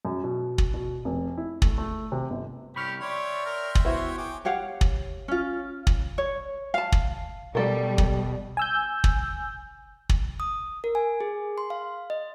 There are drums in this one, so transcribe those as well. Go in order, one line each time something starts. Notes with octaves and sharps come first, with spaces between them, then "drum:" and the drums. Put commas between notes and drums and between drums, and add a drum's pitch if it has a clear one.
F#2
B2
drum: kick
B2
F1
E4
A3, drum: kick
A3
C3
G1
C2 G4 C#5 B5 C#6 F6
C#5 D5 E5 G5 C6
A#4
drum: kick
B3 E4 F#4 C5 C#5
G#4 G5 D6
G4 C#5 F5 F#5
drum: kick
C#4 F4
drum: kick
C#5
F5 A5
drum: kick
B2 G3 G4 A4 A#4
drum: kick
G#5 E6 G6
drum: kick
drum: kick
D#6
A#4
G#5
G#4
C6
F5
D#5